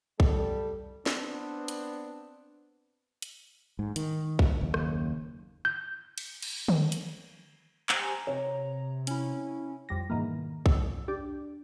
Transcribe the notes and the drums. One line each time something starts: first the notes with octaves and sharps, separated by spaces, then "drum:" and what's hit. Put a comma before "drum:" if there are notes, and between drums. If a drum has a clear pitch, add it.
G3 A4, drum: kick B1
B3 C4 D4, drum: snare
drum: hi-hat
drum: hi-hat
G#2
D#3, drum: hi-hat
drum: kick B1
F#1 D#2
drum: rim click
G6
drum: cymbal
drum: cymbal
drum: tom D3
drum: hi-hat
G4 C5 G#5 A#5, drum: clap
C3 C#5
C#4 E4, drum: hi-hat
F2 G3 A#6
G#2 B2 D#3 E3 A#3
E6, drum: kick B1
D4 G4 D5